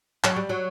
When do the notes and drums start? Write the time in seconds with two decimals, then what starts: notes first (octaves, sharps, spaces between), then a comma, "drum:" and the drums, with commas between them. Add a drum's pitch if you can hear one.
0.24 F#3, drum: clap
0.36 G3
0.49 F#3